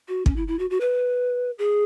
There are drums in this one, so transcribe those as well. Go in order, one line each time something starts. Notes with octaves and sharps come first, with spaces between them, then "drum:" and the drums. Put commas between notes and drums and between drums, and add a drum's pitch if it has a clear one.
F#4
C#4, drum: kick
E4
E4
F#4
F#4
B4
G#4